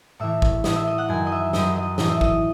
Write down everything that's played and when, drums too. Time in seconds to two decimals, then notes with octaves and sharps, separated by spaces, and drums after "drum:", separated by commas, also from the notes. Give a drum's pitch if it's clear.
0.20 A2 E3 E5
0.42 drum: kick G#1
0.64 A2 E3 D#5, drum: snare
0.76 E5
0.87 D#5
0.98 F#5
1.08 F#2 D#3 G#5
1.27 D#5
1.32 E5
1.53 F#2 D#3 D#5, drum: snare
1.76 D#5
1.98 A2 E3 D#5, drum: snare
2.09 E5
2.21 D#5, drum: kick G#1